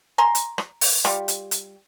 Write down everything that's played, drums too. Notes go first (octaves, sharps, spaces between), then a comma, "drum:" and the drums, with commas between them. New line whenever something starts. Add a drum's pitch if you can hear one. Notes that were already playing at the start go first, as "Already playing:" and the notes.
G#5 A#5 C6
drum: hi-hat
drum: rim click
drum: open hi-hat
G3 F4 G4, drum: rim click
drum: hi-hat
drum: hi-hat